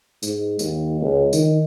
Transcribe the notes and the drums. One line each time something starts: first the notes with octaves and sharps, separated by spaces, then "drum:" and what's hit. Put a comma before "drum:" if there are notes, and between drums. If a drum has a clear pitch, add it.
G#2, drum: tambourine
D#2, drum: tambourine
C#2
D#3, drum: tambourine